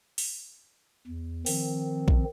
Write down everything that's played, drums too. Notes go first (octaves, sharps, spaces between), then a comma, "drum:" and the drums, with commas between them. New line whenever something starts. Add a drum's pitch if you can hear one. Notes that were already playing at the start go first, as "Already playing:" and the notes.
drum: open hi-hat
E2
D#3 F3 C4, drum: open hi-hat
drum: kick A#1